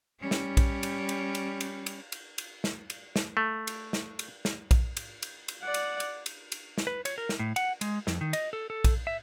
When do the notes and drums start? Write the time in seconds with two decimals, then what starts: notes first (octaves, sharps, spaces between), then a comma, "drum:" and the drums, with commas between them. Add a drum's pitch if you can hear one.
0.21 G3 C#4
0.31 drum: snare
0.57 drum: kick A#1, cymbal
0.83 drum: cymbal
1.09 drum: cymbal
1.35 drum: cymbal
1.61 drum: cymbal
1.86 drum: cymbal
2.12 drum: cymbal
2.38 drum: cymbal
2.64 drum: snare
2.90 drum: cymbal
3.16 drum: snare
3.37 A3
3.67 drum: cymbal
3.93 drum: snare
4.19 drum: cymbal
4.45 drum: snare
4.71 drum: kick A#1, cymbal
4.97 drum: cymbal
5.22 drum: cymbal
5.48 drum: cymbal
5.62 D5 F#5
5.74 drum: cymbal
6.00 drum: cymbal
6.26 drum: cymbal
6.52 drum: cymbal
6.78 drum: snare
6.87 B4
7.05 C#5, drum: cymbal
7.18 A#4
7.29 drum: snare
7.39 A2
7.56 F#5, drum: cymbal
7.81 G#3, drum: cymbal
8.07 F2, drum: snare
8.21 D#3
8.33 D#5, drum: cymbal
8.53 A4
8.70 A4
8.84 drum: kick A#1, cymbal
9.07 E5